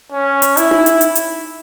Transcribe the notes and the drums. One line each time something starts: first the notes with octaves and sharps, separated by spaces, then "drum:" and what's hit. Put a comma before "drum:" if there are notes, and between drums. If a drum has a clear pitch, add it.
C#4
drum: hi-hat
E4, drum: hi-hat
drum: tom D#4
drum: hi-hat
drum: hi-hat
drum: hi-hat